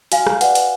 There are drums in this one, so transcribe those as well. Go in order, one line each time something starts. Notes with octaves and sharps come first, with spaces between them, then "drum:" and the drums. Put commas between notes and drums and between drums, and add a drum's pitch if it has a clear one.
F#4 F5 G#5, drum: hi-hat
drum: rim click
B4 D5 F#5, drum: hi-hat
drum: hi-hat